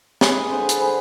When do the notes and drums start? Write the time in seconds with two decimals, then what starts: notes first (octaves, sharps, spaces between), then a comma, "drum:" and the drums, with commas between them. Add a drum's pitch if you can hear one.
0.21 G#3 G#4 B4, drum: snare
0.51 D3 C5
0.60 B4
0.69 A4 C5, drum: hi-hat
0.81 D3 G#4 B4